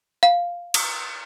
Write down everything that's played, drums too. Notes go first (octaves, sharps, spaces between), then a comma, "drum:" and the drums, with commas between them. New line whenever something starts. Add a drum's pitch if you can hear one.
F5
drum: cymbal